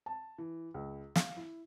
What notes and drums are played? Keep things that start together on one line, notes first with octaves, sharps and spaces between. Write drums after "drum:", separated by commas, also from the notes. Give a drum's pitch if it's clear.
A5
E3
C#2
F5, drum: snare
E4